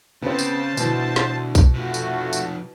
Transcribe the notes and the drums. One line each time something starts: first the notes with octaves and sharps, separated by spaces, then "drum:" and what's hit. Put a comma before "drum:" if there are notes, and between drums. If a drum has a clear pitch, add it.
C#3 B3 C4 C5 A5
drum: tambourine
D2 B2 E3, drum: tambourine
drum: snare
drum: kick B1, tambourine
C3 F3 A3 F#4
drum: tambourine
drum: tambourine